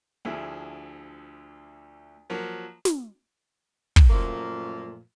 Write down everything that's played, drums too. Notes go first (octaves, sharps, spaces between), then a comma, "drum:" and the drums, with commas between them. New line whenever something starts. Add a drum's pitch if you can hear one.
D2 D3 F3 E4 G#4
F3 F#3 A#3
drum: snare
drum: kick
F#2 A#2 F3 A3 A#3